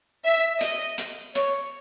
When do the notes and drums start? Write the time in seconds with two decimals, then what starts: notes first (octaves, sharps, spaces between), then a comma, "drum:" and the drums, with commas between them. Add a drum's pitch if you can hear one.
0.24 E5
0.61 D#5, drum: hi-hat
0.98 drum: hi-hat
1.35 C#5, drum: hi-hat